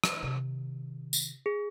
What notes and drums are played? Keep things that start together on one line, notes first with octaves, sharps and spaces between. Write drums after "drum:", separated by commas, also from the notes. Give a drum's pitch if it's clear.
drum: rim click
C3 D#3
drum: tambourine
G#4